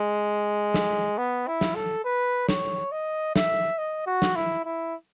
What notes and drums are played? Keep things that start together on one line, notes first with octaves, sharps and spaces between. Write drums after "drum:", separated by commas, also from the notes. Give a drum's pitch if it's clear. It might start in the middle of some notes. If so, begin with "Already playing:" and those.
Already playing: G#3
drum: snare
B3
E4
drum: snare
A4
B4
C#5, drum: snare
D#5
E5, drum: snare
D#5
F#4
drum: snare
E4
E4